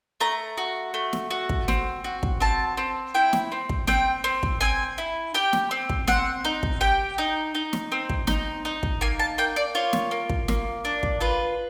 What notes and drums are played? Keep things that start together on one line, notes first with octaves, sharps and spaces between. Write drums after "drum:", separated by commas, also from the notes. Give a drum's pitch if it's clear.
A3 A#5
F#4
A3
drum: snare
F#4
drum: kick
C4, drum: snare
F#4
drum: kick
C4 A5
C4
E4 G5
drum: snare
C4
drum: kick
C4 G5, drum: snare
C4
drum: kick
C4 G#5
E4
G4 G5
drum: snare
C4
drum: kick
C4 F#5, drum: snare
D#4
drum: kick
G4 G5
D#4
D#4
drum: snare
C4
drum: kick
D#4, drum: snare
D#4
drum: kick
A#3 G#5
A5
A#3 G5
D5
F4 C#5
drum: snare
A#3
drum: kick
A#3, drum: snare
D4
drum: kick
F4 B4